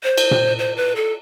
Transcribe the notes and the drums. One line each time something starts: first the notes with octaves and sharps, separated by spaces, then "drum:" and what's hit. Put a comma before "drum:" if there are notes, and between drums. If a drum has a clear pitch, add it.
C5
drum: cymbal
drum: tom A#2
C5
B4
A4